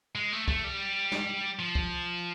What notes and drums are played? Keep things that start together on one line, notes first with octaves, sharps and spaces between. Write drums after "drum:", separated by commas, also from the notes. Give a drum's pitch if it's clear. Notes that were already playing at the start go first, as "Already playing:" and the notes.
G#3
A3
A3, drum: kick
G3
drum: snare
F3
drum: kick